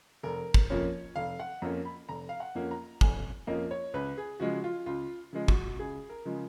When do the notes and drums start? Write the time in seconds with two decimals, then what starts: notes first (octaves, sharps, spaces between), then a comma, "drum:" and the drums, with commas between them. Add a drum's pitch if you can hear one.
0.23 F1 A#4
0.54 drum: kick
0.70 F2 F3 A#3 C#4 C#5
1.16 F1 F5
1.40 F#5
1.62 F2 F3 A#3 C#4 A#5
1.85 B5
2.09 F1 A#5
2.29 F5
2.40 F#5
2.55 F2 F3 A#3 C#4
2.71 A#5
3.01 F1 G#5, drum: kick
3.47 F2 F3 A#3 C#4 D#5
3.71 C#5
3.94 C#2 B4
4.18 G#4
4.40 C#3 F3 G#3 F#4
4.64 F4
4.86 C#2 F4
5.33 C#3 F3 G#3
5.48 F#4, drum: kick
5.79 C#2 G#4
6.09 A#4
6.25 C#3 F3 G#3